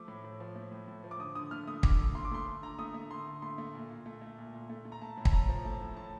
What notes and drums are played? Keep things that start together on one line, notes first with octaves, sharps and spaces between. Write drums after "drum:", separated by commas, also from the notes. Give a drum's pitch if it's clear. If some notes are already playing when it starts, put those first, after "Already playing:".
Already playing: F3 A3 D6
A2
A2
F3
A3
A2
A2
F3
D6
D3 D#6
D3 D#6
A3 F6
A3 D#6
D3 D6, drum: kick
D3
A3 C6
D6
A3 C6
D3
D3 A#5
A3 D#6
A3
D3 C6
D3
A3 C6
A3
A#2
A#2
A3
A3
A#2
A#2
A3
A3
A#5
A3 A5
A2
A5, drum: kick
A2 A#5
F3
A3 A5
A2
A2 A5